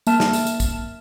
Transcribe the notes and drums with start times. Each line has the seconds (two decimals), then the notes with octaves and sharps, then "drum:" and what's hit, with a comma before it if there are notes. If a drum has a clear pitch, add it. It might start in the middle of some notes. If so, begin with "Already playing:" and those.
0.07 A#3 E5 A5 F6 E7, drum: tambourine
0.20 drum: snare
0.33 drum: tambourine
0.47 drum: tambourine
0.60 drum: kick, tambourine